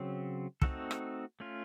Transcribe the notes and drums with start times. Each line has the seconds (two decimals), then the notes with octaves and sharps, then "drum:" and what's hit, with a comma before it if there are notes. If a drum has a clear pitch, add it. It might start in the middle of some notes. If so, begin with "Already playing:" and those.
Already playing: C#3 F#3 C4
0.62 A3 C4 D#4 F#4 A4, drum: kick
0.91 drum: rim click
1.40 A3 C#4 F4